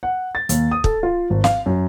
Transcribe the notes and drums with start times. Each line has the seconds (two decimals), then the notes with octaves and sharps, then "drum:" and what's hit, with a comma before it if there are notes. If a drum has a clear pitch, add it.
0.03 F#5
0.35 A6
0.49 D#2, drum: hi-hat
0.71 D#6
0.84 A4, drum: kick
1.03 F4
1.30 G#1
1.44 F5, drum: snare
1.66 F#2